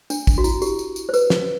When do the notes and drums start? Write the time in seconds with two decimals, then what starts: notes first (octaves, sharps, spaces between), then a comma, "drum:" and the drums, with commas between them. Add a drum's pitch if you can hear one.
0.10 D4, drum: tambourine
0.27 drum: kick, tambourine
0.38 F#4
0.44 E4, drum: tambourine
0.62 G4, drum: tambourine
0.79 drum: tambourine
0.96 drum: tambourine
1.09 C5
1.14 B4, drum: tambourine
1.30 drum: snare